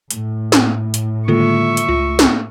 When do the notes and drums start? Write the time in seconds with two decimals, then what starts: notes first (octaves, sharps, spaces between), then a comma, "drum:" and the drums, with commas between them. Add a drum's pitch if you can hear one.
0.11 A2, drum: hi-hat
0.52 drum: snare
0.94 drum: hi-hat
1.28 D3 D#3 G#3 A#3 F4 A4 E5 C#6
1.77 drum: hi-hat
1.89 C#2 F4
2.19 drum: snare